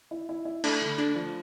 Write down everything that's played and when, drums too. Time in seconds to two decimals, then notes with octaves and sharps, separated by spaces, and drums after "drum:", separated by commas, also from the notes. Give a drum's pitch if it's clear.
0.11 E4
0.29 E4
0.45 E4
0.64 A3 D4, drum: cymbal
0.81 D3
0.98 A3 D4
1.16 F3